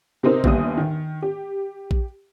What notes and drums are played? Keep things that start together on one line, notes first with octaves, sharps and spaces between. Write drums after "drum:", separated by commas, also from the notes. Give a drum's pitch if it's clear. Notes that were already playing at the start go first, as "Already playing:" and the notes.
C3 C4 D#4 A#4
G1 D#2 G3 D#6, drum: kick A#1
D#3
G4
drum: kick A#1